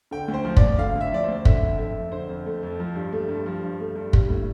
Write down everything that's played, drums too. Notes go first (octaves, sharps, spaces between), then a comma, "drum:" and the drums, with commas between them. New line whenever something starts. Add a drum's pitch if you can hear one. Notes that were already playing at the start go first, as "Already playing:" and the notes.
D3 G5
D2
C5
F3
D5, drum: kick
D2
D3 F5
D2
E5
F3 D5
D2 C5
D3 E5, drum: kick
F2
A3 E5
F2
D3 C5
F2
A3
F2
F3
G2
A3
G2
F3
G2
A3
G2
G3, drum: kick
A2